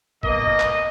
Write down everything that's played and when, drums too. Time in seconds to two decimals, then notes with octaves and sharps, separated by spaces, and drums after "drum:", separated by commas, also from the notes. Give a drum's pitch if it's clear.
0.23 B2 A#3 D#5, drum: kick
0.42 drum: tom B2
0.60 drum: clap